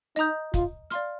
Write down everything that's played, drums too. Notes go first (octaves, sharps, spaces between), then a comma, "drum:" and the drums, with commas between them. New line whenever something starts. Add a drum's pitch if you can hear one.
D#4 D#5 A#5 D#6 G6, drum: hi-hat
F4, drum: kick, hi-hat
D5 F5 C6 F6, drum: hi-hat